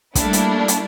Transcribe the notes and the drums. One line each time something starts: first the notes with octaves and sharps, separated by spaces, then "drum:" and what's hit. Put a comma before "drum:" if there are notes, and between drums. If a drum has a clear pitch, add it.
G3 A3 A#3 D4 E4, drum: kick, hi-hat
drum: hi-hat
drum: hi-hat